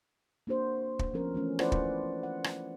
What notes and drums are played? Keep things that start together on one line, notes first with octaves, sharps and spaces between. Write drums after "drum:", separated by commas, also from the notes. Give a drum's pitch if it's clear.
A#3 D4 F#4 C5
drum: kick
F3 B3 C#4 A#4
E3 A3 C#4
E4 F4 B4 C5 D5 F#5, drum: rim click
drum: kick
F#5
drum: rim click